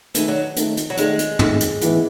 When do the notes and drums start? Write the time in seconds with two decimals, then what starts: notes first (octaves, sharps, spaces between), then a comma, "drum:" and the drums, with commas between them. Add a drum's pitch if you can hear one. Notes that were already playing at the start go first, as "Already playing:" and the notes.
0.15 D#3 E3 A3 D#4 A4, drum: hi-hat
0.28 F#3
0.56 D#3 A3 D#4 A4, drum: hi-hat
0.77 drum: hi-hat
0.90 F#3
0.97 D#3 G#3 A3 D#4 A4, drum: hi-hat
1.19 drum: hi-hat
1.39 D#3 A3 D#4 A4, drum: tom
1.60 drum: hi-hat
1.81 A2 E3 B3, drum: hi-hat